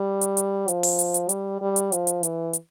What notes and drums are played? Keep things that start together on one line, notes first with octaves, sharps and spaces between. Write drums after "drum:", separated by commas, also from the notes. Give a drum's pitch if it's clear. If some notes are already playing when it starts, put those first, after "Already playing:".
Already playing: G3
drum: hi-hat
drum: hi-hat
F3, drum: hi-hat
drum: open hi-hat
drum: hi-hat
drum: hi-hat
G3, drum: hi-hat
G3
drum: hi-hat
F3, drum: hi-hat
drum: hi-hat
E3, drum: hi-hat
drum: hi-hat